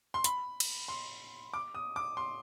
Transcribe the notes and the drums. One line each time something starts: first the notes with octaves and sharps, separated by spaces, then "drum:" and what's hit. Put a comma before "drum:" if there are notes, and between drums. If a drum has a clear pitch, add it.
C6
B5, drum: hi-hat
drum: cymbal
C6
D6
D#6
D6
C6